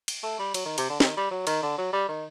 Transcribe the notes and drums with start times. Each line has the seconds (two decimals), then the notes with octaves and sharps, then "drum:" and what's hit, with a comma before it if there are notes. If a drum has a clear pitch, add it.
0.08 drum: cymbal
0.23 A3
0.39 G3
0.54 F#3, drum: cymbal
0.65 D#3
0.78 C3, drum: cymbal
0.90 D3
1.00 D#3, drum: snare
1.17 G3
1.31 F#3
1.47 D#3, drum: cymbal
1.63 D3
1.78 F#3
1.93 G3
2.09 D#3